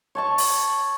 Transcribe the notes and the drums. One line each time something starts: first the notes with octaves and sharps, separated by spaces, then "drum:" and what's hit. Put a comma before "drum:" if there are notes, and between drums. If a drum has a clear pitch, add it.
C#5 A5 C#6
drum: open hi-hat